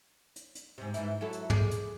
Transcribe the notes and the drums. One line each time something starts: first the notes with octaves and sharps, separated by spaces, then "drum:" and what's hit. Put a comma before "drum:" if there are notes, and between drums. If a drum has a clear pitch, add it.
drum: hi-hat
drum: hi-hat
G#2 C3
G#2 E3 E4, drum: hi-hat
F#3 E4 A4
drum: hi-hat
G#4 D5, drum: tom
drum: hi-hat